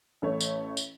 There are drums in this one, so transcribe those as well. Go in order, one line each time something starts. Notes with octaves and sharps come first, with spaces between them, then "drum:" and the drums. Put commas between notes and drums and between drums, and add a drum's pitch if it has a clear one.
A1 A3 C#5
drum: tambourine
drum: tambourine